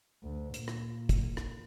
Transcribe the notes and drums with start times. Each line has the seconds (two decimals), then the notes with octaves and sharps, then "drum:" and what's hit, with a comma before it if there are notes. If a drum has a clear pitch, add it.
0.23 D2
0.54 A#2, drum: hi-hat
0.68 drum: rim click
1.09 drum: kick, hi-hat
1.37 drum: rim click